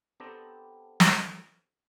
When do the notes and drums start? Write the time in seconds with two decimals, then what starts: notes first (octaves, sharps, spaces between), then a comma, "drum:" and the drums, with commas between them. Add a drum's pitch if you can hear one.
0.20 B3 C4 D4 G4 A4 A#5
1.00 drum: snare